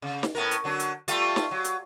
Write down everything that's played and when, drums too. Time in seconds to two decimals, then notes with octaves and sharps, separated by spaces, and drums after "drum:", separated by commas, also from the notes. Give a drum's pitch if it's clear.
0.02 C#3
0.23 drum: snare
0.35 A2 B3 A#4
0.51 drum: hi-hat
0.64 D3 F#3 D4
0.79 drum: hi-hat
1.08 G3 A3 F4, drum: hi-hat
1.36 drum: snare
1.51 F#3
1.64 drum: hi-hat